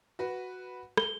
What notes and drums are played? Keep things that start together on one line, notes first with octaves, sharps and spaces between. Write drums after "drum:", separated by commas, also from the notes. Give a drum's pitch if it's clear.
F#4 B4
G7, drum: rim click